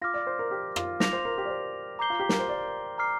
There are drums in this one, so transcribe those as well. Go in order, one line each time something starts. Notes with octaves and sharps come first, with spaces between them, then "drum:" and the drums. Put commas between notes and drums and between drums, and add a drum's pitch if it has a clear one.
F4 D6 F6 A#6
D5
C5
A#4
G4
F4, drum: rim click
F4 D6 A#6 F7, drum: snare
C5
A#4
G4
D5
C5
A#5 D6 G6 C7 G7
F4
G4
A#4, drum: snare
C5
D5
A#5 D6 F6 C7